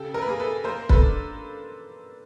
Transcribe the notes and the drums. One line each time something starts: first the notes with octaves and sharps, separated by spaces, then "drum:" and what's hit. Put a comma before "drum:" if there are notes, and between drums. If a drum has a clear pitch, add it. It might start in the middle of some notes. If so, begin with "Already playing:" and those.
Already playing: C#3 G4 A4
A#4
B4
A#3 G#4 A#4
A4 B4
A#3 A#4 C5
A4 B4, drum: kick
D4